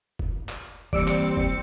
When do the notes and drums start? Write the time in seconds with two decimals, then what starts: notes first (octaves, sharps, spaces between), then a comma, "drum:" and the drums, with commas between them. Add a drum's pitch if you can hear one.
0.19 drum: kick
0.49 drum: clap
0.93 E3 G3 A#3 C4 D5 E6 C#7, drum: kick
1.08 drum: clap
1.37 drum: kick